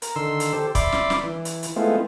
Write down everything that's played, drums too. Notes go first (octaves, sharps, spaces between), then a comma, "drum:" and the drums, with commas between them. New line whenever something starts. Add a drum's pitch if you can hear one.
A#4, drum: hi-hat
D3 D#3 C6 E6
drum: hi-hat
G4 A4 C5
D5 E5 B5 C6 D6, drum: kick, hi-hat
drum: snare
drum: snare
E3
drum: hi-hat
drum: hi-hat
G#3 A3 B3 C4 E4 F4